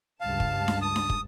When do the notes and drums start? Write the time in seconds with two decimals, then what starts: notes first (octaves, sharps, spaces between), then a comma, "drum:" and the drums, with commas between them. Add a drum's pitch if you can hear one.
0.21 C#2 G2 F5 A5
0.40 drum: kick
0.68 drum: snare D4
0.82 D#6
0.96 drum: snare D4
1.10 drum: kick